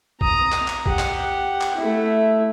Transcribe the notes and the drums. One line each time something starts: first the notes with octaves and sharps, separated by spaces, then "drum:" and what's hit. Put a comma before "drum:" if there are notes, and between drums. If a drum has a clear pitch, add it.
A#5 D#6, drum: kick A#1
drum: clap
drum: clap
G4 F#5, drum: kick A#1
drum: clap
drum: clap
A3 E4